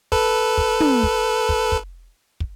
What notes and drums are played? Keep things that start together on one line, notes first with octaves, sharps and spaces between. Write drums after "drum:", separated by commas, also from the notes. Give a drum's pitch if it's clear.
A4 B4, drum: kick
drum: kick
drum: tom
drum: kick
drum: kick
drum: kick
drum: kick